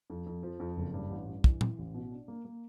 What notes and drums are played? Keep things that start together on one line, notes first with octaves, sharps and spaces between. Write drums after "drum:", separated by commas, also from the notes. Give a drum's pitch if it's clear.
F2
F2
F3
F2
F#1
G2
A1
G2
E3, drum: kick
E3, drum: tom A#2
A1
B2
D4
A#3
A#3